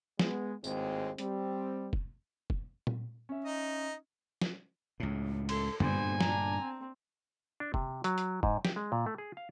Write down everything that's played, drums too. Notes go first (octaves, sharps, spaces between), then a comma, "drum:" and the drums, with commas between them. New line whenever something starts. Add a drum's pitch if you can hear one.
G#3 B3, drum: snare
G#1 D#2 A2 G#3 C4, drum: tambourine
G3 C4, drum: hi-hat
drum: kick F1
drum: kick F1
drum: tom A#2
C#4 E5
D#4 D#5
drum: snare
C#2 A2
A4 C6, drum: cymbal
G2 A#2 D3 B3 C5 G#5, drum: tom
D4 A#5, drum: snare
C4
D4
C3, drum: kick F1
F#3, drum: hi-hat
drum: hi-hat
G#2, drum: kick F1
G4, drum: snare
G#3
A#2
A3
G#4
F5